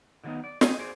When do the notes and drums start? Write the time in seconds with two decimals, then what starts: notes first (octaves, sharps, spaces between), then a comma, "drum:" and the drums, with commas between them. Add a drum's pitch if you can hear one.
0.24 D3 D#3 F#3 G#3 B3 D#4
0.44 D5
0.61 G4 G#4 D#5, drum: snare
0.79 G#4 C5 D5